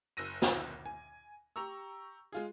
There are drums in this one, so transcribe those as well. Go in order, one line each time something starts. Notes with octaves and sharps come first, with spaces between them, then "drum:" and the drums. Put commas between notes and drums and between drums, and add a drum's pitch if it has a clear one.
F#1 E6 A#6 D#7
drum: snare
G#5
G4 A#5 C#6 E6
G#3 F4 G#4